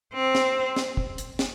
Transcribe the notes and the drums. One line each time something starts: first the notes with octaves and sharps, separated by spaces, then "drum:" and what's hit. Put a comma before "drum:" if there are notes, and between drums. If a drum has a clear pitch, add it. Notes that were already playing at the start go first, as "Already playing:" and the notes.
C4
drum: snare
drum: snare
drum: kick
drum: hi-hat
drum: snare